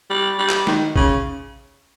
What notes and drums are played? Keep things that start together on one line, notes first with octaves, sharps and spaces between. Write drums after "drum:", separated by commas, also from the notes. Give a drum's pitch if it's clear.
G3
G3
drum: clap
D#3, drum: snare
C#3, drum: kick